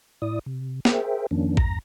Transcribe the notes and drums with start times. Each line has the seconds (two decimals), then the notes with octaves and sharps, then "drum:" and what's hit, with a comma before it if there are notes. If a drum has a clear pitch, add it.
0.22 A2 E4 D5 D#6
0.46 C3
0.85 G#4 A#4 C5 E5 G5, drum: snare
1.31 F2 D#3 F3 A#3 C#4 D4
1.57 E2 G2 A#5 A#6, drum: kick A1